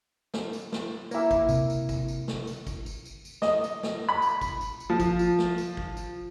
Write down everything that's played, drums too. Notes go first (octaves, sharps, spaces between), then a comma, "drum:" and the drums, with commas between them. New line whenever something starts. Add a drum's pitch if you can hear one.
drum: snare
drum: tambourine
drum: snare
A#3 E4, drum: tambourine
drum: kick, tambourine
C3, drum: tambourine
drum: tambourine
drum: kick, tambourine
drum: tambourine
drum: snare
drum: tambourine
drum: kick, tambourine
drum: tambourine
drum: tambourine
drum: tambourine
D#5, drum: snare
drum: tambourine
drum: snare
B5
drum: tambourine
drum: kick, tambourine
drum: tambourine
drum: tambourine
F3
drum: kick, tambourine
drum: tambourine
drum: snare
drum: tambourine
drum: kick
drum: tambourine